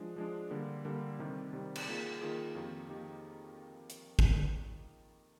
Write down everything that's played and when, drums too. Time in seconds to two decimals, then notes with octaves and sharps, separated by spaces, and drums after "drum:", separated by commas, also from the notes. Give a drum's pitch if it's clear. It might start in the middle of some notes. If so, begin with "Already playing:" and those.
Already playing: F3 G#3 D4
0.16 F3 G#3 D4
0.51 D3 G3 A#3
0.85 D3 G3 A#3
1.19 C3 D#3 G3
1.53 C3 D#3 G3
1.75 drum: cymbal
1.87 D#3 A#3 F4 G#4
2.21 D#3 A#3 F4 G#4
2.55 F2 D#3 A#3 D#4 G4
2.89 D#3 A#3 D#4 G4
3.90 drum: hi-hat
4.19 drum: kick G#1